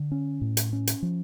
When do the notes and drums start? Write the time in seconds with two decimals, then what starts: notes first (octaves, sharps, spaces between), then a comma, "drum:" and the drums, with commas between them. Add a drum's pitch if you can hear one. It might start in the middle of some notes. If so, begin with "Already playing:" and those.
Already playing: D3
0.12 C#4
0.41 A2
0.57 drum: hi-hat
0.73 C#4
0.87 drum: hi-hat
1.02 F3